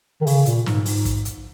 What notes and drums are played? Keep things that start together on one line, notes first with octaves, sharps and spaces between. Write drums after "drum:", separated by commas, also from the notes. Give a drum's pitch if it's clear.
D#3
C#3, drum: open hi-hat
A#2, drum: hi-hat
G#2, drum: snare
G#2, drum: open hi-hat
drum: kick, hi-hat
drum: hi-hat